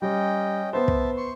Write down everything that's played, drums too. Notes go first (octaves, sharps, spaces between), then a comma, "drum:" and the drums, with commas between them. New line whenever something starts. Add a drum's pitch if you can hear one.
G3 C#4 D#5 G5
B3 C5 E5 A5
drum: kick
C6 C#6